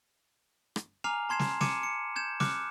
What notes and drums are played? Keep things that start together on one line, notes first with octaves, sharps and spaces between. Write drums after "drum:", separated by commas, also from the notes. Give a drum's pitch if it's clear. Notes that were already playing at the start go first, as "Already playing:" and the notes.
drum: rim click
G#5 A#5 D6 F6 C7 F7
A5 C6 G#6 C7 E7
drum: snare
D6 G#6 C#7 D#7 E7, drum: snare
C#7
G6 G#6 E7
D6 F6 F#6 C#7, drum: snare